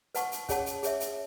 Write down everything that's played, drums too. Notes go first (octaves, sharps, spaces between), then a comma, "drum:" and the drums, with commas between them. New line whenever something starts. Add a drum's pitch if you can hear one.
B4 F#5 A5 C#6, drum: hi-hat
drum: hi-hat
C#4 G#4 C#5 F#5 A5, drum: kick, hi-hat
drum: hi-hat
G#4 C#5 E5, drum: hi-hat
drum: hi-hat